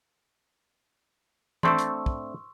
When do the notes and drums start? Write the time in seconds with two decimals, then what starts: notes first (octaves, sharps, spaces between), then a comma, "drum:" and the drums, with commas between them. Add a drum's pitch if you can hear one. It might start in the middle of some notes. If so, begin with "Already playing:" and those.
1.63 A3 C4 D4 C6 C#6 E6, drum: tom E3
1.78 drum: hi-hat
2.06 drum: kick